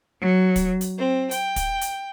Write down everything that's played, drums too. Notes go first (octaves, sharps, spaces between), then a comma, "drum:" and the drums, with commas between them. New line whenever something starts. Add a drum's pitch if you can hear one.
F#3
drum: kick, hi-hat
drum: hi-hat
C4
G5, drum: hi-hat
drum: kick, hi-hat
drum: hi-hat